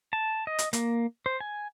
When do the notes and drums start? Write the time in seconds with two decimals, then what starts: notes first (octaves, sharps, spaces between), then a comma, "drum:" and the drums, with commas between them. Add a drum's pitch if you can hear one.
0.13 A5
0.47 D#5
0.59 drum: hi-hat
0.73 A#3, drum: hi-hat
1.26 C5
1.40 G#5